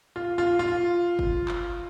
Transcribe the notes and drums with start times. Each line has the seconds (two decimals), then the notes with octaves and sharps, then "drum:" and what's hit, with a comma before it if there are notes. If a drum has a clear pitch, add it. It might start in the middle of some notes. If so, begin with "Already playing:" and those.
0.16 F4
0.38 F4
0.59 F4
1.19 drum: kick
1.48 drum: clap